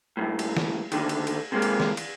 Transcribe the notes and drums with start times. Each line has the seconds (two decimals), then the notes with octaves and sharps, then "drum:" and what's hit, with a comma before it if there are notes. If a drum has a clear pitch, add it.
0.17 F#2 A2
0.39 drum: cymbal
0.57 drum: snare
0.92 D2 D3 D#3, drum: cymbal
1.09 drum: cymbal
1.27 drum: cymbal
1.52 C3 G#3 A#3
1.62 drum: cymbal
1.80 drum: snare
1.97 drum: cymbal